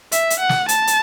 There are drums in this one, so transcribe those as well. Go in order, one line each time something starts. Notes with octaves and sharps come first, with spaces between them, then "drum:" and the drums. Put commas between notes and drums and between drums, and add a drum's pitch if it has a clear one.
E5, drum: hi-hat
drum: hi-hat
F#5
drum: snare
A5, drum: hi-hat
drum: hi-hat